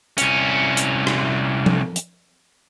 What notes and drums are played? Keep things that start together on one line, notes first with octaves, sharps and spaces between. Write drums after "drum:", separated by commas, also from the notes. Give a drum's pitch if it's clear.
C2 C#4, drum: hi-hat
drum: hi-hat
drum: rim click
drum: tom F3
drum: hi-hat